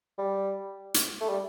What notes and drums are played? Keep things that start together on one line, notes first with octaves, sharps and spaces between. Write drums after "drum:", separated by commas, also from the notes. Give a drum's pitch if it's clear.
G3
drum: hi-hat
A3
G3